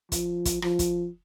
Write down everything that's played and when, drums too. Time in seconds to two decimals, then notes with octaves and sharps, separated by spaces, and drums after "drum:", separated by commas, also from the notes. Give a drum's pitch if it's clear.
0.12 F3, drum: kick, hi-hat
0.45 drum: kick, hi-hat
0.62 F3, drum: rim click
0.79 drum: kick, hi-hat